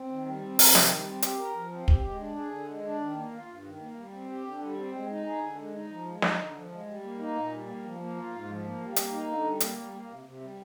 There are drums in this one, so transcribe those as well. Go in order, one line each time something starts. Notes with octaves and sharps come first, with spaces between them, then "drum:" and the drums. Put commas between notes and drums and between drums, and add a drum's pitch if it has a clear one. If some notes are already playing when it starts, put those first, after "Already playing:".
Already playing: C4
D#3
G3
C4
C3, drum: open hi-hat
D#3, drum: snare
G3
C4
G4, drum: hi-hat
A#4
F3
C4
G4, drum: kick
G#3
D4
G#4
D3
G#3
D4
D#3
A#3
F4
G2
D#3
A#3
G3
C4
G4
D3
G3
C4
G#3
D#4
G#4
D3
G#3
D#4
F3
G#3
D#4, drum: snare
D3
F3
G#3
G3
A#3
D#4
A#2
G3
A#3
F3
A#3
F4
G#2
F3
A#3
G3
A#3, drum: hi-hat
D#4
D3
G3
A#3, drum: hi-hat
G3
A#3
C3
C3
G3